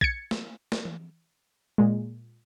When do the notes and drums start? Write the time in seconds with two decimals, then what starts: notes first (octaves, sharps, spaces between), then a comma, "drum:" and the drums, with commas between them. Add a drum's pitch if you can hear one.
0.01 G#6 A6 C#7, drum: kick A#1
0.31 drum: snare
0.72 drum: snare
0.85 drum: tom E3
1.78 A#2 G#3